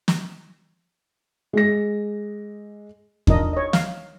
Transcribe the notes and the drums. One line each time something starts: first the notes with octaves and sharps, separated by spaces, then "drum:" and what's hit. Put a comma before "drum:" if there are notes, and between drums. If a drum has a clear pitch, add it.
drum: snare
G#3 A#6
D4 D#4 F4 A#4 D#5, drum: kick E2
C#5 D#5
F5, drum: snare